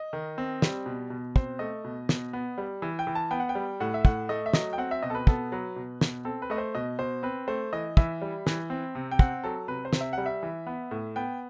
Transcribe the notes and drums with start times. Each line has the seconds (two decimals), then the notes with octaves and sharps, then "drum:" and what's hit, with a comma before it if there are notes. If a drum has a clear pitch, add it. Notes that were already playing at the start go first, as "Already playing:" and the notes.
Already playing: D#5
0.13 D#3
0.38 C4
0.62 G3, drum: snare
0.86 B2
1.10 B2
1.36 C4 C5, drum: kick
1.59 A3 D#5
1.84 B2
2.09 B2, drum: snare
2.33 B3
2.58 G3
2.82 E3
2.99 G5
3.07 E3
3.15 A5
3.31 B3 G5
3.40 F#5
3.49 G5
3.55 G3
3.80 A2 F#5
3.94 E5
4.05 A2 F#5, drum: kick
4.29 A3 D#5
4.46 E5
4.53 F#3 D#5, drum: snare
4.73 G5
4.78 C4 F#5
4.91 E5
5.03 B2 D#5
5.10 A4
5.15 B4
5.27 B3 A4, drum: kick
5.52 F#3 B4
5.76 B2
6.01 B2, drum: snare
6.25 C4 A4
6.42 B4
6.50 A3 D#5
6.58 C5
6.75 B2 D#5
6.99 B2 C5
7.23 C4 B4
7.48 A3 C5
7.73 E3 D#5
7.97 E3 E5, drum: kick
8.22 G3
8.47 E3, drum: snare
8.70 C4
8.95 C3
9.11 G5
9.19 C4 F#5, drum: kick
9.44 F#3 A4
9.68 C3 B4
9.85 C5
9.93 C3, drum: snare
10.01 E5
10.13 G3 F#5
10.26 E5
10.43 E3
10.67 B3
10.91 A2
11.16 B3 G5